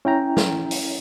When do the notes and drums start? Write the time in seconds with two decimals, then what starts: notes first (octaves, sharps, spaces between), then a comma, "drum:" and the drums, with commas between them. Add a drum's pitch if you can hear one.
0.05 C#4 E4 G5 A#5
0.37 drum: snare
0.71 drum: open hi-hat